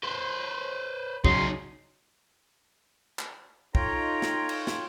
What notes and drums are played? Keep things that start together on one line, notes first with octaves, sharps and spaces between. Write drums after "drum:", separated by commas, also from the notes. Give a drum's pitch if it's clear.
B4 C5
C#3 F#3 C#4 D#4 C6, drum: kick
drum: clap
D#4 F4 A4 C#5 G5 A#5, drum: kick
drum: snare
drum: cymbal
drum: snare